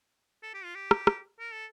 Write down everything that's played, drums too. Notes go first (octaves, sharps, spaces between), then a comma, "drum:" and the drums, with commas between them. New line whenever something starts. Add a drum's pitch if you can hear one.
A4
G4
F4
G4
drum: rim click
drum: rim click
A#4
A4